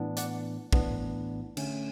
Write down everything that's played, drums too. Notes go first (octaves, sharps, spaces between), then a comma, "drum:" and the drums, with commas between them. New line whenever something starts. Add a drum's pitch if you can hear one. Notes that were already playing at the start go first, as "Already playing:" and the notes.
Already playing: A2 E3 B3 D4
D5 F#5, drum: hi-hat
A2 E3 B3 D4, drum: kick
D3 A3 C#4, drum: cymbal